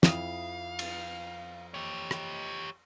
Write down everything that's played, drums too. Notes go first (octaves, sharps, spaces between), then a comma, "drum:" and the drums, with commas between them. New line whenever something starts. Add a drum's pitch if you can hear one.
F2 E4 F5 D#6, drum: snare
drum: cymbal
G4 C#5
drum: rim click